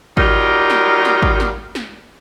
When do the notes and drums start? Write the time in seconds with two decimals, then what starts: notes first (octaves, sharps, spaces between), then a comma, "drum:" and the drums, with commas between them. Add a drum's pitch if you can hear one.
0.17 F#3 G3 A#3 D#4 F4 A#4, drum: kick
0.70 drum: snare
1.05 drum: snare
1.22 drum: kick
1.40 drum: snare
1.75 drum: snare